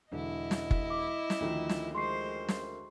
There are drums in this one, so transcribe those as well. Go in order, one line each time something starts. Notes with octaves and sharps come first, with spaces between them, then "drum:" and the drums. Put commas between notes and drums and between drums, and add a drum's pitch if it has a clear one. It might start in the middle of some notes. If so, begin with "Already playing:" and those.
E1 D3 E4 D#5
drum: snare
drum: kick F#1
D6
drum: snare
D2 D#3 F3
drum: snare
G#3 C5 C6 C#6 C7
drum: snare